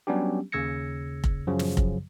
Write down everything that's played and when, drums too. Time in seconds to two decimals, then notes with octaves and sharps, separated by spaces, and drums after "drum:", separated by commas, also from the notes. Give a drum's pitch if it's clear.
0.07 F#3 G3 B3 C#4 D4 G4
0.52 D#2 C#3 E6 G#6 A#6 C#7
1.24 drum: kick F1
1.47 F#2 C#3 F3 F#3
1.59 drum: snare
1.77 drum: kick F1